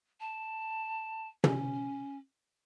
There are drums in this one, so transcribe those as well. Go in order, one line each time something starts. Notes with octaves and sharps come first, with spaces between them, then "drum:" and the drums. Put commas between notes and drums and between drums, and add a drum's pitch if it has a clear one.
A5
C#4, drum: tom